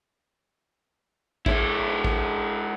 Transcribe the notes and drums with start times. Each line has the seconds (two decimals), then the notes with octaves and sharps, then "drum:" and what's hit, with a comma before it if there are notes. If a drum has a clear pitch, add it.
1.46 G#3 E4, drum: kick A1
2.04 drum: kick A1